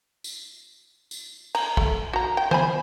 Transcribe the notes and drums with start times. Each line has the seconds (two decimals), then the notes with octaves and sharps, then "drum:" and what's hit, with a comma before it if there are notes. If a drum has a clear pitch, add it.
0.24 drum: tambourine
1.11 drum: tambourine
1.55 A#5, drum: cymbal
1.77 A3, drum: kick
2.13 F#4 A#5
2.37 G5
2.51 C5 G#5 B5, drum: tom D#3